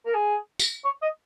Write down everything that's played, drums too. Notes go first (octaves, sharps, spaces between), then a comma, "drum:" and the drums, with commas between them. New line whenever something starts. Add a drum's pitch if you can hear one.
A#4
G#4
drum: tambourine
C#5
D#5